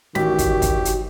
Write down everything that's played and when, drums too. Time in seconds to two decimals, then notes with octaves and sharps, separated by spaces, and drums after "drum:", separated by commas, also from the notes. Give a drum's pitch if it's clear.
0.15 A1 D#3 F#4 G4 B6, drum: snare
0.39 drum: kick, hi-hat
0.62 drum: kick, hi-hat
0.85 drum: hi-hat